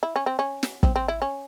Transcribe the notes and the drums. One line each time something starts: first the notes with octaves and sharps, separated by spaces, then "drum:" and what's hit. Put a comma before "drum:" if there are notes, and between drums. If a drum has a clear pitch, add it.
E4
C#4
C4
C#4
drum: snare
C4, drum: kick
C4
E4
C#4